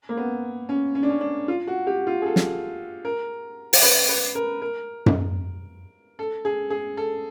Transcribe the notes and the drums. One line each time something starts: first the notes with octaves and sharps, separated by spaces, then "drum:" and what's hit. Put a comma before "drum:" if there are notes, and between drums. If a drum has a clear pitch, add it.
A#3
B3
C#4
C#4
D4
C#4
D4
F4
F#4
G4
F4
G#4
A4
drum: snare
A#4
drum: open hi-hat
B4
B4
A#4
A#4
drum: tom F#2
A4
G#4
G#4
A4